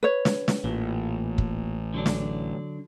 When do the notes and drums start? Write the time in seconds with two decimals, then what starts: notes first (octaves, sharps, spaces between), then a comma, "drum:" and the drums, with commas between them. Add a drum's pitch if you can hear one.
0.03 B4 C#5
0.25 drum: snare
0.48 drum: snare
0.64 A1 A#2
1.38 drum: kick
1.94 D3 F#3 D4
2.06 drum: snare